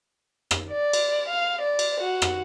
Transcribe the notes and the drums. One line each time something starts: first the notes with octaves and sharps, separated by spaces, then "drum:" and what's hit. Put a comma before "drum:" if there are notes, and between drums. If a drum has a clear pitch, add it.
drum: rim click
D5
drum: cymbal
F5
D5
drum: cymbal
F#4
drum: rim click